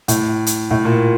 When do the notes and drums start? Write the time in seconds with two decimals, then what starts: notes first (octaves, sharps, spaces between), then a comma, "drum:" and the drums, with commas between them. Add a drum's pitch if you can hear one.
0.08 A2, drum: hi-hat
0.46 drum: hi-hat
0.71 A2
0.85 A#2